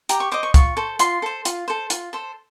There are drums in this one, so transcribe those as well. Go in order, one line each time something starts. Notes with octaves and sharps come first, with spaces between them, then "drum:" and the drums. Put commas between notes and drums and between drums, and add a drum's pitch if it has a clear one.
G4 A#5, drum: hi-hat
C#6
C5 D#5 D6
C#6
F4 C#6, drum: kick, hi-hat
A4 C5
F4 C6, drum: hi-hat
A4 C5
F4, drum: hi-hat
A4 C5
F4, drum: hi-hat
A4 C5